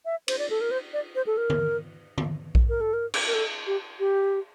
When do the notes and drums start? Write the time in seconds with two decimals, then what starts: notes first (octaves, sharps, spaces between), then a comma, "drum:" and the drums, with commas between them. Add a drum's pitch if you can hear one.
0.05 E5
0.28 C5, drum: cymbal
0.38 D5
0.50 A4
0.61 A#4
0.71 C5
0.93 D5
1.15 C5
1.26 A4
1.37 A#4
1.50 drum: tom D3
2.18 drum: tom D3
2.55 drum: kick A#1
2.69 A#4
2.81 A4
2.93 A#4
3.14 drum: cymbal
3.27 A#4
3.34 A4
3.67 G4
4.00 G4